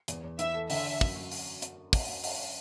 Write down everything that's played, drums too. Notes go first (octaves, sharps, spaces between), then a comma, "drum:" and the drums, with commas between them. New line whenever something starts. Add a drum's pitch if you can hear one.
E2, drum: hi-hat
E2
E3 E5, drum: hi-hat
A4
D3 E5, drum: open hi-hat
A4
F#2, drum: kick
F#4
drum: open hi-hat
drum: hi-hat
drum: kick, open hi-hat
drum: open hi-hat